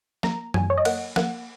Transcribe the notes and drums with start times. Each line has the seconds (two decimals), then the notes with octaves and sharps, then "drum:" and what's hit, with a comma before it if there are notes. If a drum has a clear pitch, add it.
0.23 A#3 A#5, drum: snare
0.54 F#3 G#5, drum: tom F#2
0.70 C#5
0.78 D#5
0.85 A#3 F#5, drum: cymbal
1.16 A#3 F#5, drum: snare